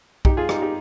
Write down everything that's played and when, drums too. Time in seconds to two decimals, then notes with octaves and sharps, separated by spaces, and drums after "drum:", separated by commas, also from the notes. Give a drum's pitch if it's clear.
0.25 D#4 G4, drum: kick B1
0.37 F4 G#4
0.49 D#4 G4, drum: rim click
0.62 D#4 G4